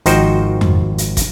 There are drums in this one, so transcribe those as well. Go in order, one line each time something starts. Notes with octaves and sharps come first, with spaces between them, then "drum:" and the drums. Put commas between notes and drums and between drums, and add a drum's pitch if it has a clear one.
G#1 F3 D#4 F#4 C5 G5, drum: hi-hat
drum: tom F2
drum: hi-hat
drum: kick, hi-hat